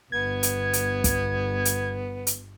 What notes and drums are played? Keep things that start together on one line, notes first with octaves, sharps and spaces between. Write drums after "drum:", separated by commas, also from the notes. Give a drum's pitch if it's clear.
G1 B3 G#6
drum: hi-hat
drum: hi-hat
drum: kick, hi-hat
drum: hi-hat
drum: hi-hat